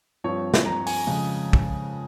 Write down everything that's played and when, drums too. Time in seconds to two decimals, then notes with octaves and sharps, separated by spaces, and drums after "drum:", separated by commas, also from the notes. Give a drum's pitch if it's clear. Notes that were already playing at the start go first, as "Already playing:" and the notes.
0.24 G2 F3 C4 C#5
0.54 drum: snare
0.66 A#5
0.87 G#5, drum: open hi-hat
1.07 F2 C#3 G#3
1.53 drum: kick